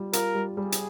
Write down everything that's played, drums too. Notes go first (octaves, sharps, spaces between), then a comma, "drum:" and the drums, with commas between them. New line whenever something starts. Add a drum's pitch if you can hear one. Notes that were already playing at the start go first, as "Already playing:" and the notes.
Already playing: G3 F4
F4 A#4, drum: hi-hat
G3
G3 G#4
drum: hi-hat